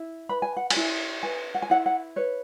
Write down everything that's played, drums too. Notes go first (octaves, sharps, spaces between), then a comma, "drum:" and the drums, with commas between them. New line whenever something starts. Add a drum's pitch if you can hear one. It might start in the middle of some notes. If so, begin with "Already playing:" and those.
Already playing: E4
B4 B5
G#5
F#5
G#5, drum: cymbal
E4
B4 G#5
F#5
G#5
E4 F#5
F#5
B4 C#5